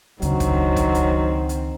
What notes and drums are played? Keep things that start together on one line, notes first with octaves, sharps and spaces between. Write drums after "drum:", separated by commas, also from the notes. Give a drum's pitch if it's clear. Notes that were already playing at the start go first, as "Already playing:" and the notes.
C#2 D#3 F#3 C4 D4, drum: hi-hat
drum: kick, hi-hat
drum: kick, hi-hat
drum: hi-hat
drum: hi-hat